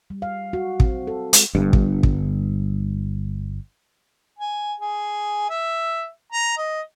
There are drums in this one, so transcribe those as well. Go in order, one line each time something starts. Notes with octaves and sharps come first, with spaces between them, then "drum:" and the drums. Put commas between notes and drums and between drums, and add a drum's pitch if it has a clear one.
G3
F5
F#4
C4, drum: kick
A4
G#3, drum: hi-hat
G1 G2
drum: kick
drum: kick
G#5
G#4
E5
A#5
D#5